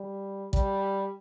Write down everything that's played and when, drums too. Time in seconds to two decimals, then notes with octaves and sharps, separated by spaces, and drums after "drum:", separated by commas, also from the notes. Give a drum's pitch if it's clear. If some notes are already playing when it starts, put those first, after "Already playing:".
Already playing: G3
0.53 G3, drum: kick